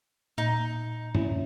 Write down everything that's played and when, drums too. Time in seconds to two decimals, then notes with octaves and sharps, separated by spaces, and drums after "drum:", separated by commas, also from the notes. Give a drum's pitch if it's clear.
0.38 A#2 D#4
1.15 C#4 E4, drum: tom G2